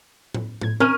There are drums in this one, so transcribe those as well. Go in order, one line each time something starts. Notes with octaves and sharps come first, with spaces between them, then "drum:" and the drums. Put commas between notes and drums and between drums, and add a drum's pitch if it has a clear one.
drum: tom A2
A2 G#6, drum: tom A2
C4 C#4 A#4 F6 D#7